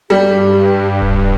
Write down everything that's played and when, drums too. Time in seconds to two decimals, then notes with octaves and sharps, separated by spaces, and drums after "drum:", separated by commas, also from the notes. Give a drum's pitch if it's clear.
0.10 G2 G3 G4
1.02 drum: kick D1